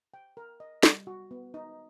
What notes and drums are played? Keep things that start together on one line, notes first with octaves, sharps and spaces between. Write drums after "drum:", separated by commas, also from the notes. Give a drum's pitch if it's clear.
G5
A#4
D#5
G3, drum: snare
F#4
B3
D#4